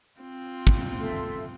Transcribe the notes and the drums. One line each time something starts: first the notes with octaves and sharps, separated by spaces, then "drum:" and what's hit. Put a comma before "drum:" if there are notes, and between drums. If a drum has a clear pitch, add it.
C4 F4
drum: kick
A4 E5 C6